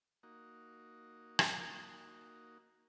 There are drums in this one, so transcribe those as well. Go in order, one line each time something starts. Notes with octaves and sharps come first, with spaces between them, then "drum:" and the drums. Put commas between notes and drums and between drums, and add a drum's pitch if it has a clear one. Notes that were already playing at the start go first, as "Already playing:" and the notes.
A#3 D#4 F#4
drum: rim click